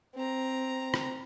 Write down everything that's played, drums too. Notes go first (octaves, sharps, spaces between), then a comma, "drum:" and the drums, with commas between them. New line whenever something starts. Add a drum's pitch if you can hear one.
C4 A#5
drum: rim click